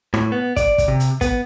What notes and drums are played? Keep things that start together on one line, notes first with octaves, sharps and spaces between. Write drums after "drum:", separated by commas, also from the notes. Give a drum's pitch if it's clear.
A2, drum: rim click
B3
D5, drum: kick, hi-hat
drum: kick, hi-hat
C3
drum: hi-hat
B3, drum: kick, hi-hat